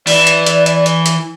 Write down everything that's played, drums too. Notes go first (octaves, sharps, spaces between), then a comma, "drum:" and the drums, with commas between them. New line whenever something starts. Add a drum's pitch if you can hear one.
E3 D5, drum: open hi-hat
drum: hi-hat
drum: hi-hat
drum: hi-hat
drum: hi-hat
drum: hi-hat